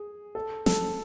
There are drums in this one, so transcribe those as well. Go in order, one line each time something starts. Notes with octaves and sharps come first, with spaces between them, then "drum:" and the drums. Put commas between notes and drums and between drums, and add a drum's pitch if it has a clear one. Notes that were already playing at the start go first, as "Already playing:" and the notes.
Already playing: G#4
A4
A4, drum: snare